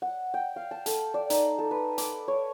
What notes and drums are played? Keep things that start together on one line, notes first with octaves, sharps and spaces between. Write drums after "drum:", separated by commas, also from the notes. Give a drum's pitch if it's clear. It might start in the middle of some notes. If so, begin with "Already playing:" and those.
F#5
G5
F5
A5
A4, drum: hi-hat
D5
D#4, drum: hi-hat
A4
B4
D6, drum: hi-hat
C#5